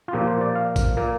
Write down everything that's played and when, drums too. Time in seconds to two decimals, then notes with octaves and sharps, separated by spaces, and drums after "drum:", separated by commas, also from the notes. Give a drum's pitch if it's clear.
0.08 F4
0.13 A#2 F3 A#3 G4
0.27 C5
0.41 D5
0.55 F5
0.76 drum: kick A1, tambourine
0.97 A#2 A#3